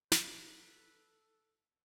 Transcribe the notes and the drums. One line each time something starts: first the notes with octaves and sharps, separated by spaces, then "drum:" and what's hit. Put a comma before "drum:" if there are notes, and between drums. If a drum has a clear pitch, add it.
A4 B4, drum: snare